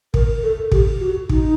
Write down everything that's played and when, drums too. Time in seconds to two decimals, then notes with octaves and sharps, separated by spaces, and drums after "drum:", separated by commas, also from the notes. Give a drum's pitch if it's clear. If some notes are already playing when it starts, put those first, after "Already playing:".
0.14 A#4, drum: kick
0.43 A4
0.72 G4, drum: kick
1.00 F#4
1.29 D#4, drum: kick